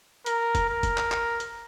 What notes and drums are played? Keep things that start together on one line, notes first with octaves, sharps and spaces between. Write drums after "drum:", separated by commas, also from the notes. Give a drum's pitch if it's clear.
A#4, drum: hi-hat
drum: kick, hi-hat
A#4
drum: kick, hi-hat
drum: clap
drum: clap
drum: hi-hat